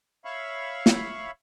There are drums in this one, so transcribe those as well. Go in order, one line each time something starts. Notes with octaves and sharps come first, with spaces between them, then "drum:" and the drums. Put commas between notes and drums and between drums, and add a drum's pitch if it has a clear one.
C#5 E5 F5 B5 C#6
drum: snare